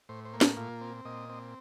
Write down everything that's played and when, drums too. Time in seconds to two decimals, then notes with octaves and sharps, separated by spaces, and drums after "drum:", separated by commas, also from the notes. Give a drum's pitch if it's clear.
0.09 A2 C5
0.25 C5
0.33 A#3
0.41 A4, drum: snare
0.57 A#2 F4
0.81 C4
1.05 A#2 D#5
1.29 C4